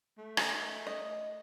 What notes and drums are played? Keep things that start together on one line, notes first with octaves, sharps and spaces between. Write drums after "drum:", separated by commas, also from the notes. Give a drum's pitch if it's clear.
A3
D#4 A4, drum: rim click
D#5